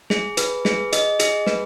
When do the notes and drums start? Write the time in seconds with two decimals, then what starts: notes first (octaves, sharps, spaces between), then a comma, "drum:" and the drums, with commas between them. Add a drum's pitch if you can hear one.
0.10 G#4, drum: snare
0.37 B4, drum: hi-hat
0.65 G#4, drum: snare
0.92 D#5, drum: hi-hat
1.19 G#4, drum: hi-hat
1.47 B4, drum: snare